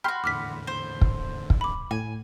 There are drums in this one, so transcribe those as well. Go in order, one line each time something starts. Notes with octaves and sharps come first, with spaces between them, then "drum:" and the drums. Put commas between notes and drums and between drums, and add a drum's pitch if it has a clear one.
F#4 G4 B5 C6 F6
E2 A2 D3 D6 F6 B6
C5
drum: kick
drum: kick
B5 D6
A2 G#5